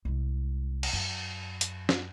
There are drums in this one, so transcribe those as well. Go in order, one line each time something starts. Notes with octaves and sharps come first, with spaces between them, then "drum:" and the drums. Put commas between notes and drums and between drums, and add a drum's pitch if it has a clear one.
C2 G#3
drum: cymbal
F#2
drum: hi-hat
drum: snare